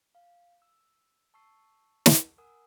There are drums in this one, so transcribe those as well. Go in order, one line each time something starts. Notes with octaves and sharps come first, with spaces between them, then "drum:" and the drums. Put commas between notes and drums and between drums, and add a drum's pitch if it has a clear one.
F5
E6
A5 C#6 E6 C7
drum: snare
A#4 F#5 G#5 D#6 E6